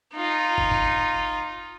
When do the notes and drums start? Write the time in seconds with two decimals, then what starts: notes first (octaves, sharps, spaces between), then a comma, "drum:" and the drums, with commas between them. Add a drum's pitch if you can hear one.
0.13 D#4 F4
0.58 drum: kick
0.71 drum: kick